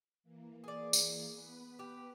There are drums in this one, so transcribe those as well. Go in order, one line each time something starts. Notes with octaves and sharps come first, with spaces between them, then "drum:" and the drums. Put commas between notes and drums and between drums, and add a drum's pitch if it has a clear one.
E3 A#3
G#4 D5
drum: tambourine
B3 B4
G4